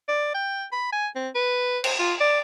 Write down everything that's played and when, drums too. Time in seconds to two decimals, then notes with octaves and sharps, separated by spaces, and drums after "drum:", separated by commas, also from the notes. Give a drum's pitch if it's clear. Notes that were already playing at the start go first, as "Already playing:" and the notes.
0.09 D5
0.35 G5
0.72 B5
0.93 G#5
1.16 C4
1.35 B4
1.84 C5, drum: cymbal
1.99 F4
2.20 D5